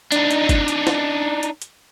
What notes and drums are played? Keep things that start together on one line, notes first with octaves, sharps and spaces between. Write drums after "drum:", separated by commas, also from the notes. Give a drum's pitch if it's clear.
D4 D#4, drum: hi-hat
drum: hi-hat
drum: kick F#1, hi-hat
drum: hi-hat
drum: snare
drum: hi-hat
drum: hi-hat